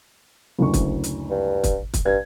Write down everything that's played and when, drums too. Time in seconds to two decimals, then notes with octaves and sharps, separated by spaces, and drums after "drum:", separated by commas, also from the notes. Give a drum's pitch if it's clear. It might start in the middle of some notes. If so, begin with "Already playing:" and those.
0.59 F#1 D2 C#6
0.74 drum: kick, hi-hat
1.04 drum: hi-hat
1.30 G2
1.64 drum: kick, hi-hat
1.94 drum: kick, hi-hat
2.06 G2 G#6